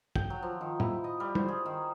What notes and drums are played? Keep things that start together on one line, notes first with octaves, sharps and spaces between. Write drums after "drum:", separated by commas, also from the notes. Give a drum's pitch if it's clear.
G5, drum: kick
F#3
F3
D#3
E4, drum: tom A2
D#5
G3
C5, drum: tom
G#4
D#3